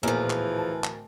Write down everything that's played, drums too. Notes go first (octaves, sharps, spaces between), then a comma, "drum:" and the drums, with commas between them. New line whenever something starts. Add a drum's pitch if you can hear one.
D1 E2 A#2 E3 F3 A#4 G#5
drum: clap
A5
drum: clap